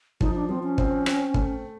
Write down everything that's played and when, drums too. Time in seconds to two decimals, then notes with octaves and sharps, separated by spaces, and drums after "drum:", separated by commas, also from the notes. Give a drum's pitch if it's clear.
0.21 F3 D#4, drum: kick
0.35 D4
0.49 F3 C4
0.63 C#4
0.78 C4, drum: kick
1.06 C4, drum: rim click
1.34 A3, drum: kick